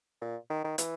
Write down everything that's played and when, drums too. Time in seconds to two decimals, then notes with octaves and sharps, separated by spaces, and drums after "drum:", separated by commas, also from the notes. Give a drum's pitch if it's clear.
0.21 A#2
0.50 D#3
0.64 D#3
0.78 E3, drum: hi-hat